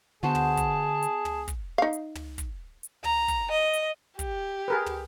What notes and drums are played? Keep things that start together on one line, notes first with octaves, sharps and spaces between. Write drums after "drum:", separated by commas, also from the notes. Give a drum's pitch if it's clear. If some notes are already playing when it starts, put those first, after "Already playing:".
D3 B3 F#4 G#4 C5 A5
drum: tom
drum: kick, hi-hat
drum: hi-hat
drum: tom
drum: kick, hi-hat
D#4 F5
drum: hi-hat
drum: tom
drum: kick, hi-hat
drum: hi-hat
A#5, drum: tom
drum: kick, hi-hat
D#5
drum: hi-hat
G4, drum: kick, hi-hat
G#4 A#4 B4
drum: tom